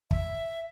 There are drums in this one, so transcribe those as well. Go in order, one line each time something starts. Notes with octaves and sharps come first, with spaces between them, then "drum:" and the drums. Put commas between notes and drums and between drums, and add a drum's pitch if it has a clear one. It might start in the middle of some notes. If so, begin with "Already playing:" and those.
E5, drum: kick